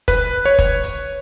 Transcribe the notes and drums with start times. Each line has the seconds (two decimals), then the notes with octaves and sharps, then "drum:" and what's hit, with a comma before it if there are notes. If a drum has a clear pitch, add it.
0.08 B4, drum: kick, hi-hat
0.45 C#5
0.59 drum: kick, hi-hat
0.84 drum: hi-hat